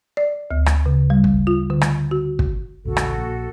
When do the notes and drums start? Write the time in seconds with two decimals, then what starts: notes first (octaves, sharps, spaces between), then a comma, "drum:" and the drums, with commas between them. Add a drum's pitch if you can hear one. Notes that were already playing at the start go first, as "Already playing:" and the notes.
0.17 D5
0.51 D2
0.66 drum: rim click
0.86 C#3
1.10 G3
1.24 drum: kick
1.47 F4
1.70 D3
1.81 drum: rim click
2.11 F#4
2.39 drum: kick
2.85 A1 D#2 C#3 F#4 A4
2.97 drum: rim click
3.16 A#1 A#2